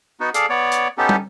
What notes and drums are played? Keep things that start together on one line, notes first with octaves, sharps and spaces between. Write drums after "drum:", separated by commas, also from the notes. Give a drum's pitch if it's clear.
B3 D#4 F#4
G#4 A4 D5 F5, drum: hi-hat
B3 C#5 D5
drum: hi-hat
B3 C#4 D#4 G4 A4
drum: tom